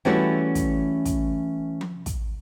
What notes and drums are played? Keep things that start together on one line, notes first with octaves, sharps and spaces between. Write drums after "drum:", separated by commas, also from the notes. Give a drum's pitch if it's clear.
E3 G3 A3 C#4 E4 F#4
drum: kick, hi-hat
drum: kick, hi-hat
drum: tom F3
drum: kick, hi-hat